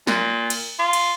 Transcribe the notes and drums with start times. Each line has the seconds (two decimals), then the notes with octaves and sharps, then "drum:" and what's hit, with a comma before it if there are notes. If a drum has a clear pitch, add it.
0.07 A#2, drum: snare
0.50 drum: cymbal
0.79 F4
0.93 drum: cymbal